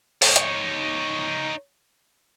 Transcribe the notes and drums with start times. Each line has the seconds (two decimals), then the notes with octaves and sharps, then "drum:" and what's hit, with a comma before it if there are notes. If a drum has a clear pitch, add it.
0.22 D#4 C#5, drum: open hi-hat
0.36 drum: hi-hat